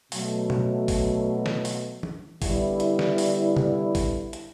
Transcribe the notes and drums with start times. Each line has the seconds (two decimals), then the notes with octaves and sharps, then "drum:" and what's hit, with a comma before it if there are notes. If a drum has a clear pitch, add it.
0.12 B2 F#3 A3, drum: open hi-hat
0.50 drum: tom B2
0.88 drum: kick, open hi-hat
1.46 drum: snare
1.65 drum: open hi-hat
2.03 drum: tom E3
2.42 D3 G3 B3 E4, drum: kick, open hi-hat
2.80 drum: hi-hat
2.99 drum: snare
3.18 drum: open hi-hat
3.57 drum: tom C3
3.95 drum: kick, open hi-hat
4.33 drum: hi-hat